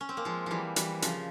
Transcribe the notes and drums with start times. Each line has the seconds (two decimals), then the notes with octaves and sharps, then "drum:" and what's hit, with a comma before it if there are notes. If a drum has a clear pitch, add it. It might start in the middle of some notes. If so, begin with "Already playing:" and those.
0.01 C#4
0.09 C4
0.17 A#3
0.25 F3 G#3
0.46 E3 F3 G3
0.76 E3 G3, drum: hi-hat
1.02 C#3 F3, drum: hi-hat